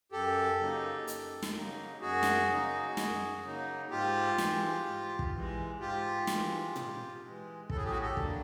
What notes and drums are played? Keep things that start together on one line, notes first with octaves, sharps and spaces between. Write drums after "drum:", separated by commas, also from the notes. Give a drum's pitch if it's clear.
F#2 G4 A4
C#3 F#3 A#3 D#4
F#2, drum: hi-hat
drum: snare
C#3 F#3 A#3 D#4
F#2 F#4 G#4
drum: snare
C#3 F#3 A#3 D#4
F#2, drum: snare
C#3 F#3 A#3 D#4
G#2 F4 G4
E3 G#3, drum: snare
G#2
drum: kick
E3 G#3
G#2 F4 G4
E3 G#3, drum: snare
G#2, drum: tom A#2
E3 G#3
A2 A4, drum: kick
G#4
G4
F#4 G#4
G4 A4
F#3 A#3 D4, drum: kick